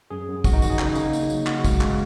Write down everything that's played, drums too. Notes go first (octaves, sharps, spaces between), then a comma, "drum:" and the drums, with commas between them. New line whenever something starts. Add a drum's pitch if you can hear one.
F#2 G#4
F#2
F#3 F#4, drum: kick, tambourine
D#4
D#3 F#4, drum: tambourine
G#4
C#3 D#4, drum: clap
C#3, drum: tambourine
A#3, drum: tambourine
F#3, drum: tambourine
C#3 F#4, drum: clap
G#3, drum: kick, tambourine
C#3, drum: clap